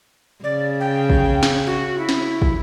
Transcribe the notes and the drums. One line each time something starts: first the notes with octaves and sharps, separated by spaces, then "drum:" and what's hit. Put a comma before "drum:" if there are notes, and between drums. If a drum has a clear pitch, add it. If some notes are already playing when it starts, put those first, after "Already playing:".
C#3 D5
G5
drum: kick
drum: snare
F#4
E4
drum: snare
drum: kick